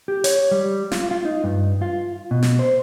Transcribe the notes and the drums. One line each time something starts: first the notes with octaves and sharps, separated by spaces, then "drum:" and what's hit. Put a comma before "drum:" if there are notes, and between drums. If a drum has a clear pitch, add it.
G4
C#5, drum: hi-hat
G3
F4, drum: snare
F4
D#4
G2
F4
B2
drum: snare
C5